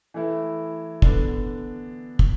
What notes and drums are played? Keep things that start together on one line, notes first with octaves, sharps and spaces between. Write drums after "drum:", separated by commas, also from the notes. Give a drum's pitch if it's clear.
E3 A3 E4
D3 B3 D4, drum: kick
drum: kick